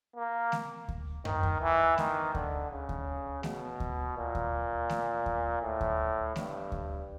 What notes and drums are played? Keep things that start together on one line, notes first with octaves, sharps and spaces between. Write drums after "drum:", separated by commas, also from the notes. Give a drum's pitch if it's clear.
A#3
drum: snare A3
drum: kick D2
D#3, drum: tom F#2
drum: kick D2
E3
D#3, drum: snare A3
D3, drum: kick D2
C#3
drum: kick D2
B2, drum: snare A3
drum: kick D2
A#2
drum: kick D2
drum: snare A3
drum: kick D2
A2
drum: kick D2
G2, drum: snare A3
drum: kick D2